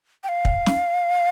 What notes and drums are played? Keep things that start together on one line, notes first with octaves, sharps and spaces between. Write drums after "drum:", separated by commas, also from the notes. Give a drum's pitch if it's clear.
G5
F5
drum: kick
drum: snare